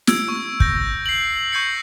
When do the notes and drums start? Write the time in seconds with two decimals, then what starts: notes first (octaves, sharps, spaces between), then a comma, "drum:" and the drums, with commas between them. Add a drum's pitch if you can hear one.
0.07 E6 G#6 D7, drum: snare
0.28 C#6
0.60 G6 A#6, drum: kick
1.06 C7 F#7
1.52 C#6 G6 G#6 A#6 C7 C#7